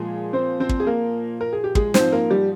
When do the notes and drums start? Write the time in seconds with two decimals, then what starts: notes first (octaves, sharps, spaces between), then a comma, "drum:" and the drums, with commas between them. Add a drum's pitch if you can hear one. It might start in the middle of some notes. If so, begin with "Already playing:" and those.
Already playing: A#2 F3 G#3 G#4
0.33 C4 C5
0.60 C4 C5
0.69 drum: kick
0.80 G#4
0.87 A#3 A#4
1.41 A#4
1.53 G#4
1.64 G4
1.75 G#3 G#4, drum: kick
1.94 G#2 F3 C4 C5, drum: snare
2.12 A#3 A#4
2.30 G3 G4